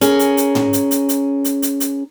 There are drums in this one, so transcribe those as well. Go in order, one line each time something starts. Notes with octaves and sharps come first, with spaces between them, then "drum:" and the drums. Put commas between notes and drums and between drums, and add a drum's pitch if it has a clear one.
C#4 G#4 A#4, drum: hi-hat
drum: hi-hat
drum: hi-hat
drum: tom
drum: hi-hat
drum: hi-hat
drum: hi-hat
drum: hi-hat
drum: hi-hat
drum: hi-hat